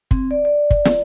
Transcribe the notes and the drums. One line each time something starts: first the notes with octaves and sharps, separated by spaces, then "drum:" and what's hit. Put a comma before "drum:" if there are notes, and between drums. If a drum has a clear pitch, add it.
C4, drum: kick
D5
D5
drum: kick
drum: snare